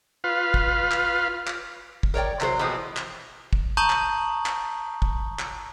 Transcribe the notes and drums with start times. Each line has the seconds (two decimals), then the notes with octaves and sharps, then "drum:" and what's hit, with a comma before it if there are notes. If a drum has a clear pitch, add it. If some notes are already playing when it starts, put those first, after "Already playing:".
0.24 F4 B4 F5
0.54 drum: kick
0.91 drum: clap
1.47 drum: clap
2.03 drum: kick
2.14 A#4 C#5 D5 G5
2.41 C3 F#3 A#4 C5, drum: clap
2.59 B2 E3 F3 G#3 C4
2.97 drum: clap
3.53 drum: kick
3.77 A5 A#5 C#6 D#6 G6 F#7
3.90 drum: clap
4.46 drum: clap
5.02 drum: kick
5.39 drum: clap